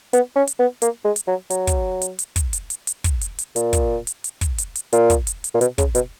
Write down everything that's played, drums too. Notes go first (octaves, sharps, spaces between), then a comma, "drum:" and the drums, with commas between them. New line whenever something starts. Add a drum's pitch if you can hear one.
B3, drum: hi-hat
C#4
drum: hi-hat
B3
A#3, drum: hi-hat
G#3
drum: hi-hat
F#3
F#3, drum: hi-hat
drum: kick, hi-hat
drum: hi-hat
drum: hi-hat
drum: kick, hi-hat
drum: hi-hat
drum: hi-hat
drum: hi-hat
drum: kick, hi-hat
drum: hi-hat
drum: hi-hat
A#2, drum: hi-hat
drum: kick, hi-hat
drum: hi-hat
drum: hi-hat
drum: kick, hi-hat
drum: hi-hat
drum: hi-hat
A#2, drum: hi-hat
drum: kick, hi-hat
drum: hi-hat
drum: hi-hat
A#2
B2, drum: hi-hat
C#3, drum: kick, hi-hat
B2, drum: hi-hat